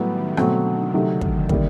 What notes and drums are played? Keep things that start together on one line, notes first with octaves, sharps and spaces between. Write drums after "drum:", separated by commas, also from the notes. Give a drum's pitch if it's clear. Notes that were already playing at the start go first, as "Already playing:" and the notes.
Already playing: A2 F#3 G3 B3
D#3
B2 D3 F#3 A3 C4, drum: rim click
D#3
C3 D#3 F#3 A3
drum: kick
C3 D#3 G3 A#3, drum: kick